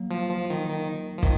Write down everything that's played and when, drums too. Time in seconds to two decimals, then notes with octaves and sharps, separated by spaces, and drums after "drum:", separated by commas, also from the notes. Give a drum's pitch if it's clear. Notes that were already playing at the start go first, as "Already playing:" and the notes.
Already playing: F#3 A#3
0.11 F3
0.31 F3
0.50 D#3
0.69 D#3
1.18 F3
1.23 D#3, drum: kick